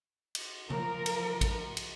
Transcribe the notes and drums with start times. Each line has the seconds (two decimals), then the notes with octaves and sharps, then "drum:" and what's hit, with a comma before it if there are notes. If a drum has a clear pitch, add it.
0.35 drum: cymbal
0.70 F3 A#4, drum: tom C#3
1.06 drum: cymbal
1.41 drum: kick A1, cymbal
1.77 drum: cymbal